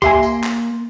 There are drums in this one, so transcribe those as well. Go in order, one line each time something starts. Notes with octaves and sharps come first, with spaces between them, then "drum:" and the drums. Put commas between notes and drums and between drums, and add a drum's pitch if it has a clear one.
A#3 G4 E5 G#5 C6, drum: kick B1, tambourine
drum: tambourine
drum: clap